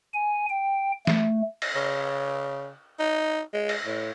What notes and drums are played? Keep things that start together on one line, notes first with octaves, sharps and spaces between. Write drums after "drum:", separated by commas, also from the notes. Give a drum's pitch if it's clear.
G#5
G5
A3, drum: snare E3
drum: cymbal
C#3
D#4
G#3
drum: cymbal
A2